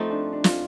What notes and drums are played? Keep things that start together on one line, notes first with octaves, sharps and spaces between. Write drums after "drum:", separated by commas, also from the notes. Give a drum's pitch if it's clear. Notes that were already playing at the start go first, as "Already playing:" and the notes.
Already playing: F3 A3 C4 D#4
D4
D4
F4, drum: snare